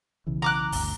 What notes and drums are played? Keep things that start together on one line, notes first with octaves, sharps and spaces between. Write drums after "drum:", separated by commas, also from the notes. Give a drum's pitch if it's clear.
B1 C#3 E3
A#5 D6 F#6
G1 D2, drum: open hi-hat